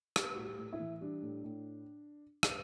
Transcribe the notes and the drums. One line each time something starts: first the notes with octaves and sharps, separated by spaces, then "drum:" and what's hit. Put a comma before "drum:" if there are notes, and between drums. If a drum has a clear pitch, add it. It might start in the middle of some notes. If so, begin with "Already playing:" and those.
G3 G4, drum: rim click
A2 F#4
G4
A2
E4
E3
G3 D4
A2
A2
drum: rim click